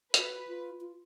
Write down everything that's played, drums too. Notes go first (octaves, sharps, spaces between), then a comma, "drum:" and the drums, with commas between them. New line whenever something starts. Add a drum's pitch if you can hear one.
F#4 B4, drum: hi-hat
F4
F4